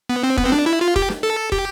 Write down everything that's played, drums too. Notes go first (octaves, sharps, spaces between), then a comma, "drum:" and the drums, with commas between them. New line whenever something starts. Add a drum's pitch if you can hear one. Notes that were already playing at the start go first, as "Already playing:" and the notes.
B3
C4
B3, drum: kick
C4
D4, drum: snare
E4
F4
G4, drum: kick
drum: snare
A4
G4, drum: kick